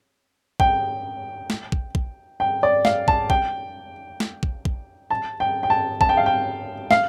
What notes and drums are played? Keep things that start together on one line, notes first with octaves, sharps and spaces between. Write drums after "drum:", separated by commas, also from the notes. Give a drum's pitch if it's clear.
G5, drum: kick
drum: snare
drum: kick
drum: kick
G5
D5
F5, drum: snare
A5, drum: kick
G5, drum: kick
drum: snare
drum: kick
drum: kick
A5
G5
G5
A5
A5, drum: kick
G5
F5
G5
F5, drum: snare